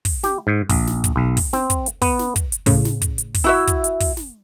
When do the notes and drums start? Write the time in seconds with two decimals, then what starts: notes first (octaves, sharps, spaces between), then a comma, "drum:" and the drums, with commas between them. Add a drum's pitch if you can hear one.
0.05 drum: kick, open hi-hat
0.23 G4, drum: snare
0.47 G#2
0.69 A#1, drum: kick, open hi-hat
0.87 drum: snare
1.04 drum: kick, hi-hat
1.16 B1
1.37 drum: kick, open hi-hat
1.53 C4, drum: snare
1.70 drum: kick, hi-hat
1.86 drum: hi-hat
2.02 B3, drum: kick, open hi-hat
2.19 drum: snare
2.36 drum: kick, hi-hat
2.52 drum: hi-hat
2.66 A2 C#3, drum: kick, open hi-hat
2.85 drum: snare
3.02 drum: kick, hi-hat
3.18 drum: hi-hat
3.34 drum: kick, open hi-hat
3.44 E4 F#4 E5
3.67 drum: kick, hi-hat
3.84 drum: hi-hat
4.00 drum: kick, open hi-hat
4.17 drum: snare